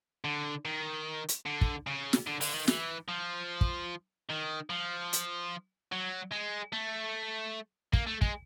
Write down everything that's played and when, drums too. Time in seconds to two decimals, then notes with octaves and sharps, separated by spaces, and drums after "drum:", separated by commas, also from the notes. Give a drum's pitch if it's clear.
0.24 D3
0.65 D#3
1.29 drum: hi-hat
1.46 D3
1.61 drum: kick
1.87 C#3
2.13 drum: snare
2.27 D3
2.41 D3, drum: open hi-hat
2.54 D#3
2.68 E3, drum: snare
3.09 F3
3.61 drum: kick
4.30 D#3
4.70 F3
5.13 drum: hi-hat
5.92 F#3
6.32 G#3
6.73 A3
7.93 A#3, drum: kick
8.07 A3
8.22 G#3, drum: kick